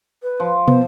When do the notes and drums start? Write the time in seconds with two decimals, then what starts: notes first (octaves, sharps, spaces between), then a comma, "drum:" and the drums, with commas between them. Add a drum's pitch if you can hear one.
0.23 B4
0.40 F3
0.68 B3 C5, drum: tom